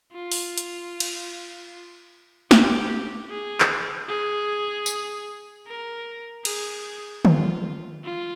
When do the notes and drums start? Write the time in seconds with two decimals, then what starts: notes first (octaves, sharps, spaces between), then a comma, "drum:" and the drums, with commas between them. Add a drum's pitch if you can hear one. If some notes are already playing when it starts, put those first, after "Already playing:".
0.13 F4
0.32 drum: open hi-hat
0.58 drum: hi-hat
1.00 drum: cymbal
2.51 G4, drum: snare
3.30 G#4
3.60 drum: clap
4.09 G#4
4.86 drum: tambourine
5.67 A#4
6.45 G#4, drum: cymbal
7.25 F4, drum: tom D3
8.04 F4